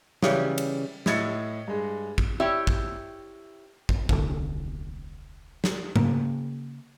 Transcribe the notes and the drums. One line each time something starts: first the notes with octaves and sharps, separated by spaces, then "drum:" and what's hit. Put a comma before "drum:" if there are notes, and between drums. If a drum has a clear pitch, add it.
C#3 E3 G3, drum: snare
drum: cymbal
A2 E4 D#5 G#6 A6 C#7, drum: snare
G2 G#3
drum: kick
E4 G4 C#5 D5 E5
drum: kick
drum: kick
D#1 C2 D3, drum: kick
drum: snare
C#3 A#3, drum: tom G#2